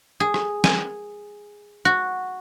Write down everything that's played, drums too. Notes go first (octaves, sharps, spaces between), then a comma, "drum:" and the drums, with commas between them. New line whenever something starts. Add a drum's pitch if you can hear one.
G#4
drum: rim click
G#5, drum: snare
F#4